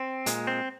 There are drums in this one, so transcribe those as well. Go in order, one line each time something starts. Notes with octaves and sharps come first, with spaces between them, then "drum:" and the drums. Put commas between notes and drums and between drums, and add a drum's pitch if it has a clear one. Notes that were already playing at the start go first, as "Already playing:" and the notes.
Already playing: C4
A#2 G#3, drum: hi-hat
C4